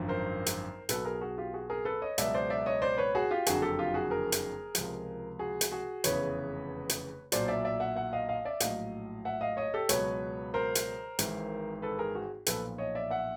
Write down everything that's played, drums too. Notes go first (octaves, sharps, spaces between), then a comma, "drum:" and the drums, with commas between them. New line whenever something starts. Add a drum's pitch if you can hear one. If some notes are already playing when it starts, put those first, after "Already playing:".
Already playing: G#1 F#2 D3 F3
A#4 C5
drum: hi-hat
B1 B2 F#3 A4 B4, drum: hi-hat
G#4 A#4
F#4 G#4
F4 G4
F#4 G#4
G#4 A#4
A4 B4
C#5 D#5
C#2 B2 F#3 D5 E5, drum: hi-hat
C5 D5
D5 E5
C#5 D#5
C5 D5
B4 C#5
F#4 G#4
F4 G4
F#1 F2 D3 F#3 F#4 G#4, drum: hi-hat
G4 A4
F4 G4
F#4 G#4
G#4 A#4
drum: hi-hat
C#2 C3 F3, drum: hi-hat
F#4 G#4
drum: hi-hat
F#4 G#4
F1 E2 C#3 E3 B4 C#5, drum: hi-hat
drum: hi-hat
B1 A#2 F#3 C5 D5, drum: hi-hat
D5 E5
D5 E5
E5 F#5
E5 F#5
D#5 F5
D#5 F5
D5 E5
A#1 A2 F#3 D#5 F5, drum: hi-hat
E5 F#5
D#5 F5
C#5 D#5
G4 A4
C#2 B2 F#3 B4 C#5, drum: hi-hat
A#4 C5
drum: hi-hat
G#1 G#2 E3, drum: hi-hat
A4 B4
G#4 A#4
F#4 G#4
B1 A#2 F3 A4 B4, drum: hi-hat
C#5 D#5
D5 E5
E5 F#5